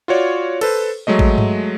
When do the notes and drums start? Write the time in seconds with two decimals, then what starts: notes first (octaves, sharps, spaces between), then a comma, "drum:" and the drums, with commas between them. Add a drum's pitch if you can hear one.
0.08 F4 F#4 C#5 D5
0.61 A4 B4 C5, drum: cymbal
1.07 F#3 G#3 A3 D#5
1.19 drum: kick A1
1.38 drum: tom G2